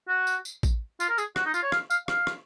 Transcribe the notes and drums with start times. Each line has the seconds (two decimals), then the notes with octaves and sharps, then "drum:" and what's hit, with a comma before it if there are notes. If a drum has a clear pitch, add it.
0.08 F#4
0.27 drum: tambourine
0.45 drum: tambourine
0.63 drum: kick A1, tambourine
1.00 F4, drum: tambourine
1.09 A#4
1.18 G#4, drum: tambourine
1.36 F#4, drum: rim click
1.45 D#4
1.54 F4, drum: tambourine
1.63 C#5
1.72 F5, drum: rim click
1.90 F5, drum: tambourine
2.08 F5, drum: rim click
2.27 drum: rim click